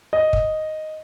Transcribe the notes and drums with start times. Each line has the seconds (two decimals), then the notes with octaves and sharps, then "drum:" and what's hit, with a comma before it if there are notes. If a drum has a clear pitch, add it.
0.13 D#5
0.33 drum: kick